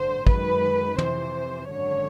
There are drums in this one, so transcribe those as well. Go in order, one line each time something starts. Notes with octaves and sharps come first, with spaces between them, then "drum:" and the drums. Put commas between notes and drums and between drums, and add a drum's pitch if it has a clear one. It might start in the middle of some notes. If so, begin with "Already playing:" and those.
Already playing: A1 G2 D3 C5
F#2 D#3 G#3 B4, drum: kick
F2 C3 E3 C5, drum: tom
G#1 F#2 D3 C#5